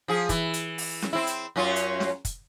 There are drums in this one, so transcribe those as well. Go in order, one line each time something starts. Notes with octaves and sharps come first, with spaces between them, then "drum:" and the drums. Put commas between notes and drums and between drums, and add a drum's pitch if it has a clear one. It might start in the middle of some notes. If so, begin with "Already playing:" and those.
F3 G#4
E3, drum: kick, hi-hat
drum: hi-hat
drum: open hi-hat
drum: snare C#4
C4 E4
drum: hi-hat
F#2 C#4 F4
drum: hi-hat
drum: snare C#4
drum: kick, hi-hat